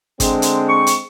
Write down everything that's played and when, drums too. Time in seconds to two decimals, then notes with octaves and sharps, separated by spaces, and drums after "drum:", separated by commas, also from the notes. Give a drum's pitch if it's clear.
0.20 D3 G#3 C4, drum: kick, hi-hat
0.42 drum: hi-hat
0.69 C#6
0.87 drum: hi-hat